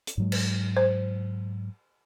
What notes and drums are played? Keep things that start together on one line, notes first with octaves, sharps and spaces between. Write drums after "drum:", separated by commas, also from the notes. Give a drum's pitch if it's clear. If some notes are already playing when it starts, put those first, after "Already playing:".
drum: hi-hat
G#2 F#3 G#3
drum: cymbal
C5